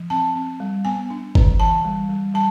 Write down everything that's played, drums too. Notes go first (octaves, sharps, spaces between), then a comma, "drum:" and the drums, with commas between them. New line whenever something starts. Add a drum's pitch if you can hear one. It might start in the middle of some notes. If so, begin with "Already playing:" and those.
Already playing: F3
C4 A5
C4
G3
B3 G#5
D4
D3, drum: kick G1
E3 A5
G3
G3
G3 A5